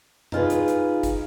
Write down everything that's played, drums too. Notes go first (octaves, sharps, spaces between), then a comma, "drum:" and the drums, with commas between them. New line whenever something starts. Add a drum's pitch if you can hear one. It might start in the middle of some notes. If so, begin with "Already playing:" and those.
D#4 F4 G#4 B4, drum: tom F#2
drum: hi-hat
drum: hi-hat
drum: kick G#1, hi-hat